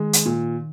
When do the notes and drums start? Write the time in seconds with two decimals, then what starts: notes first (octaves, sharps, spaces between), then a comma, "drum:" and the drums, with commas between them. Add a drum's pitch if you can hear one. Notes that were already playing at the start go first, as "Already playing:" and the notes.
Already playing: D#3 G#3
0.13 drum: hi-hat
0.26 A#2